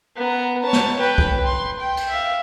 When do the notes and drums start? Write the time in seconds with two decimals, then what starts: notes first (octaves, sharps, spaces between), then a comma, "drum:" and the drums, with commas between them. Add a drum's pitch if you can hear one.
0.16 B3 A#5
0.63 C#5 A5
0.73 drum: snare
0.99 B4 G5
1.18 drum: kick
1.45 C6
1.80 G5
1.97 drum: cymbal
2.09 E5 F5